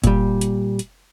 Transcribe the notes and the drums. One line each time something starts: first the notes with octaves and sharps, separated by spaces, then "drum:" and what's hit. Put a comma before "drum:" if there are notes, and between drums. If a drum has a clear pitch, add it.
A#2 G3, drum: kick F#1, hi-hat
drum: hi-hat
drum: hi-hat